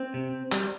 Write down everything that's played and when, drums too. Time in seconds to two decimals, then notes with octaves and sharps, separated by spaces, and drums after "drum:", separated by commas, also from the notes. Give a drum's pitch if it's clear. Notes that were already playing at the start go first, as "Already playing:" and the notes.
Already playing: C4
0.14 C3
0.52 G3, drum: clap